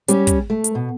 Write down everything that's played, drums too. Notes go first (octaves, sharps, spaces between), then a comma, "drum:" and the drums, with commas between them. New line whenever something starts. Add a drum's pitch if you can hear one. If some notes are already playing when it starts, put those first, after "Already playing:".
G3 C#4 G4, drum: hi-hat
drum: kick, hi-hat
A3
drum: hi-hat
B2